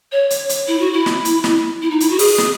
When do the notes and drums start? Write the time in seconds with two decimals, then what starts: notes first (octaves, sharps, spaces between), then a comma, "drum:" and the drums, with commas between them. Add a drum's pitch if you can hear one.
0.12 C#5
0.30 drum: hi-hat
0.49 drum: hi-hat
0.68 E4
0.80 F#4
0.93 E4
1.06 drum: snare
1.25 drum: hi-hat
1.44 drum: snare
1.82 E4
1.91 D#4
2.00 E4, drum: hi-hat
2.10 F#4
2.19 G#4, drum: open hi-hat
2.38 drum: snare